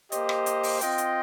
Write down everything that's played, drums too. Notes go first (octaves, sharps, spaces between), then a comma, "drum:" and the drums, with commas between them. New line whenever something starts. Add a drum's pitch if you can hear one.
A#3 G4 C5 D#5, drum: hi-hat
drum: rim click
drum: hi-hat
drum: open hi-hat
C4 F4 D#5 G5, drum: hi-hat
drum: hi-hat